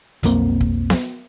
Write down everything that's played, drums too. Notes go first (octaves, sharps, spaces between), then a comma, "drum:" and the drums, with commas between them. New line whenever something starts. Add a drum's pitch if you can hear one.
B1 F2 A#3 C4, drum: hi-hat
drum: kick
drum: snare B3